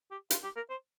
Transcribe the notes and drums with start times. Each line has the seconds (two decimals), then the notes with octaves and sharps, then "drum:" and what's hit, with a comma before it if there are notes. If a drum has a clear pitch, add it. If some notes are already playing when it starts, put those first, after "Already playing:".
0.11 G4
0.30 F4, drum: hi-hat
0.44 G4
0.56 A#4
0.70 C5